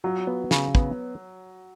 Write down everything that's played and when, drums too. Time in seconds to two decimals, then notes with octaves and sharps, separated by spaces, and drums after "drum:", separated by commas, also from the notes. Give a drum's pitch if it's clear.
0.04 F#3 F4
0.27 B3
0.51 C#3, drum: snare
0.75 B3, drum: kick